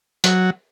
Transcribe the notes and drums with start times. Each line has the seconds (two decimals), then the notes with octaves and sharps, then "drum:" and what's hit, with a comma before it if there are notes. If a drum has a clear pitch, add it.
0.24 F#3, drum: hi-hat